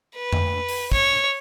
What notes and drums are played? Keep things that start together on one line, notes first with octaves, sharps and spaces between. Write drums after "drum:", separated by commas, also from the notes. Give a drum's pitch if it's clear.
B4
drum: tom F2
drum: open hi-hat
C#5, drum: kick